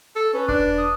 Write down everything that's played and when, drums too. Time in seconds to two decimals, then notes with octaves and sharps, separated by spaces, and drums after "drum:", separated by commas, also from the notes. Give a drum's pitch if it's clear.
0.16 A4
0.34 C#4 B4
0.48 D4, drum: kick E1
0.78 D#6